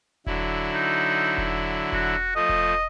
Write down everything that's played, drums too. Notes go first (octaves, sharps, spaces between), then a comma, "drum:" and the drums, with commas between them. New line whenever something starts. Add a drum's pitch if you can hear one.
D3 F#3 E4, drum: kick E1
D#4
drum: kick E1
F#4, drum: kick E1
F3 A3 D#5
drum: kick E1